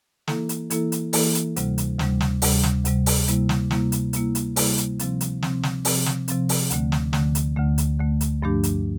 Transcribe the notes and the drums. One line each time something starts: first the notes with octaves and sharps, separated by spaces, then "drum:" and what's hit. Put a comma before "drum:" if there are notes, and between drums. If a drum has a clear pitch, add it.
E3 A#3 E4 A4, drum: snare
drum: hi-hat
E3 A#3 E4 A4, drum: hi-hat
drum: hi-hat
E3 A#3 E4 A4, drum: open hi-hat
drum: hi-hat
D2 C3 G3, drum: hi-hat
drum: hi-hat
D2 C3 G3, drum: snare
drum: snare
D2 C3 G3, drum: open hi-hat
drum: snare
D2 C3 G3, drum: hi-hat
drum: open hi-hat
C3 G3 A#3 E4, drum: hi-hat
drum: snare
C3 G3 A#3 E4, drum: snare
drum: hi-hat
C3 G3 A#3 E4, drum: hi-hat
drum: hi-hat
C3 G3 A#3 E4, drum: open hi-hat
drum: hi-hat
C3 F3 C4, drum: hi-hat
drum: hi-hat
C3 F3 C4, drum: snare
drum: snare
C3 F3 C4, drum: open hi-hat
drum: snare
C3 F3 C4, drum: hi-hat
drum: open hi-hat
D2 D3 A3, drum: hi-hat
drum: snare
D2 D3 A3, drum: snare
drum: hi-hat
D2 D3 A3
drum: hi-hat
D2 D3 A3
drum: hi-hat
G2 F3 A3 D4 G4
drum: hi-hat